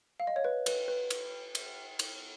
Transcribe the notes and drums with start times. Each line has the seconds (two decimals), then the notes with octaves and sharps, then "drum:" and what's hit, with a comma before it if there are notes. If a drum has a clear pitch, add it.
0.20 F5
0.27 D#5
0.36 C#5
0.44 B4
0.66 B4, drum: cymbal
0.88 B4
1.10 drum: cymbal
1.55 drum: cymbal
1.99 drum: cymbal